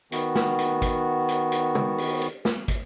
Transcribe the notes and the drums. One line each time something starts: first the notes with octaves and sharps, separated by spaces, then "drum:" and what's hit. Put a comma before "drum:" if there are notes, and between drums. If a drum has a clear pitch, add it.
D#3 B3 F#4, drum: hi-hat
drum: snare
drum: hi-hat
drum: kick, hi-hat
drum: hi-hat
drum: hi-hat
drum: tom
drum: open hi-hat
drum: hi-hat
drum: snare
drum: kick, hi-hat